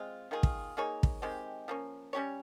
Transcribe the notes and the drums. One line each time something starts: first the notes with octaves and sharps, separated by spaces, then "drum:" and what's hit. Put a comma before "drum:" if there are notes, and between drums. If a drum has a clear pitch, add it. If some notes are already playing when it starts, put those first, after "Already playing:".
Already playing: G#3 C4 F4
D#3 A#3 F4 G#4
drum: kick
A#3 D#4 G#4 C#5
drum: kick
D#3 G#3 C4 G4
F3 A#3 C#4
G3 C#4 G4 C#5